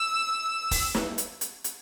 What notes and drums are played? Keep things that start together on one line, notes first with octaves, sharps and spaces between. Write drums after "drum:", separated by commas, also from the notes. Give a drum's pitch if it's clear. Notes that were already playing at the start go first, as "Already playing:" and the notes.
Already playing: E6
drum: kick, open hi-hat
drum: snare
drum: hi-hat
drum: hi-hat
drum: hi-hat